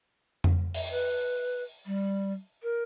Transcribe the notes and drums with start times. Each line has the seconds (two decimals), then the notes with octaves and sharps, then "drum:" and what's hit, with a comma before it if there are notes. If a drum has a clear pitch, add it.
0.44 drum: tom F2
0.74 drum: open hi-hat
0.91 B4
1.86 G3
2.63 A#4